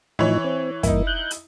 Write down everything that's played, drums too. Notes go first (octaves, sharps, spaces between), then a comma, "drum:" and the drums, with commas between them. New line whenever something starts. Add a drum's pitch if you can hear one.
A2 E3 F3 D#4 C#5
C4
G2 E3 A#3 D#4 E4, drum: kick, hi-hat
F#6 G6
drum: hi-hat